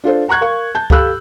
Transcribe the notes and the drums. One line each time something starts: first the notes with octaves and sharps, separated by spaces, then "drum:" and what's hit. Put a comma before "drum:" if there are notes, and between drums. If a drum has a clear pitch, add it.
D4 F4 A4 C5
F#5 A#5 C#6 F#6 G#6
A#4 F5 C#6
A5 G6
G4 A4 F5 B5 E6 F#6, drum: kick C#2